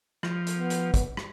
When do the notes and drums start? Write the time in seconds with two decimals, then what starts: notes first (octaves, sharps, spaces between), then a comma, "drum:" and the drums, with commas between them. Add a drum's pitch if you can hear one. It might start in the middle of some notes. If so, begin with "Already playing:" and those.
0.23 F3, drum: rim click
0.47 drum: hi-hat
0.57 B3
0.70 drum: hi-hat
0.94 drum: kick, hi-hat
1.17 drum: rim click